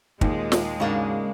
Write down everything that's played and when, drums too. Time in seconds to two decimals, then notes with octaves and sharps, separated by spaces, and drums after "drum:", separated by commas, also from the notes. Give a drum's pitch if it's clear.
0.21 D#2 A#2 G#3 D#4, drum: kick
0.52 drum: snare
0.80 G#2 C#3 A#3 D4 F#4 D#5